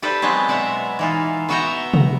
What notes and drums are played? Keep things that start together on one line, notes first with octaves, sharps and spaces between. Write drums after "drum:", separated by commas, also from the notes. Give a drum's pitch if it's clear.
G4 A4 B4 C5 D5 G5
F#3 G#3 B3 C4
B2 D5 E5 F#5 A#5
E3 D#4 F4
B3 F#4 E5 F#5 G5 A#5
drum: tom C3